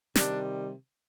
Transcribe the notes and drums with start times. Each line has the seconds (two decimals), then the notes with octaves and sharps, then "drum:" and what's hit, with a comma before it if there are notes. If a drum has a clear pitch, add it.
0.15 C3 D#3 G3 D4, drum: snare